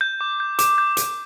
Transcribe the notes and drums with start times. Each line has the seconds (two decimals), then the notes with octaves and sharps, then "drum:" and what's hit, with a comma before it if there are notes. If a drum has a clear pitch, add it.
0.01 G6
0.21 D6
0.40 G6
0.59 D6, drum: hi-hat
0.78 G6
0.97 D6, drum: hi-hat